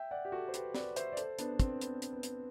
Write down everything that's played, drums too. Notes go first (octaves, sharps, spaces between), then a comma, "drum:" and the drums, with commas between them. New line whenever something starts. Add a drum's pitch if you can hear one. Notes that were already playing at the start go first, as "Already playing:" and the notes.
Already playing: E5 G5
D5 F#5
G4
F#4 A4
C5
G4 B4, drum: hi-hat
B4 D5, drum: snare
C5 E5, drum: hi-hat
D5
A4 C5, drum: hi-hat
B3 D4, drum: hi-hat
B3
C4, drum: kick, hi-hat
B3, drum: hi-hat
drum: hi-hat
B3
drum: hi-hat